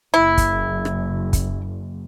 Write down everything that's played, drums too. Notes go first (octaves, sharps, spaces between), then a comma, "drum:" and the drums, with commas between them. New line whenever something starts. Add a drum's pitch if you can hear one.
F#1 E4
drum: kick, hi-hat
drum: rim click
drum: kick, hi-hat